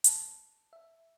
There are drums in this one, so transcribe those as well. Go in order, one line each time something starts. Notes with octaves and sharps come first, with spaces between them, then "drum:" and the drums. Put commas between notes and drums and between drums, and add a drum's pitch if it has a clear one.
A5, drum: hi-hat
E5